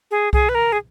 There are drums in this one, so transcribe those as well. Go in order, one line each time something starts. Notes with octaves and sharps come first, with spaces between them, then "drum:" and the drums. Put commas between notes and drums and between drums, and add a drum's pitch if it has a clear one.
G#4
G#4, drum: kick C2
B4
A#4
G#4